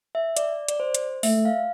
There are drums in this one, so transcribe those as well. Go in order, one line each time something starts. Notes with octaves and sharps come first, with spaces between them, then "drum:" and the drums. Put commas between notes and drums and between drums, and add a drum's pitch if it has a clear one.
E5
D5, drum: hi-hat
D5, drum: hi-hat
C5
drum: hi-hat
A3 E5, drum: open hi-hat
F5